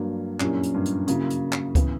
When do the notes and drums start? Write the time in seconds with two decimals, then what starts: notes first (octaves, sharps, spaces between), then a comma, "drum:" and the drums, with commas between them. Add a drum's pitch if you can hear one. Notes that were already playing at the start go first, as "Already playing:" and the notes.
Already playing: G2 F#3 A#3 D4
0.40 F#2 A#2 G3 C#4 E4, drum: clap
0.63 drum: hi-hat
0.74 G2
0.85 drum: hi-hat
1.07 C#3 F#3 A#3 E4, drum: hi-hat
1.30 drum: hi-hat
1.52 drum: clap
1.75 E3 B3 E4, drum: kick C#2, hi-hat